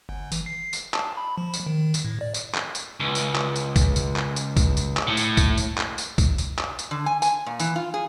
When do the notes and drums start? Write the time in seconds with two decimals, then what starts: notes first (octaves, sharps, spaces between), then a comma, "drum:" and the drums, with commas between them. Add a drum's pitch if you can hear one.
0.09 G1
0.32 E3, drum: tambourine
0.46 C7
0.73 drum: tambourine
0.94 A5, drum: clap
1.17 B5
1.38 F3
1.54 drum: tambourine
1.66 D#3
1.94 drum: tambourine
2.05 A2
2.21 D5
2.34 drum: tambourine
2.55 drum: clap
2.75 drum: tambourine
3.00 C#2
3.15 drum: tambourine
3.35 drum: clap
3.56 drum: tambourine
3.76 drum: kick B1, tambourine
3.96 drum: tambourine
4.16 drum: clap
4.36 drum: tambourine
4.57 drum: kick B1, tambourine
4.77 drum: tambourine
4.97 drum: clap
5.07 A2
5.17 drum: tambourine
5.37 drum: kick B1, tambourine
5.58 drum: tambourine
5.78 drum: clap
5.98 drum: tambourine
6.18 drum: kick B1, tambourine
6.38 drum: tambourine
6.58 drum: clap
6.79 drum: tambourine
6.91 D3
7.06 G#5
7.22 G#5, drum: tambourine
7.46 A#2
7.59 E3, drum: tambourine
7.76 F4
7.94 G#4